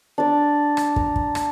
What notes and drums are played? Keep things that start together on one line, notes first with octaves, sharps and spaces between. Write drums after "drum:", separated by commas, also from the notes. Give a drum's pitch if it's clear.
D4 D5
drum: rim click
A#5, drum: kick
drum: kick
drum: rim click